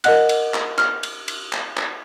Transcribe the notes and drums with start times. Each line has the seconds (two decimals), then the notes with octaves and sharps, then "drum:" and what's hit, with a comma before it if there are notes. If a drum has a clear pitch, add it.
0.04 A#4 D#5 F#5 F#6, drum: cymbal
0.29 drum: cymbal
0.54 drum: clap
0.78 F6, drum: clap
1.03 drum: cymbal
1.28 drum: cymbal
1.52 drum: clap
1.77 drum: clap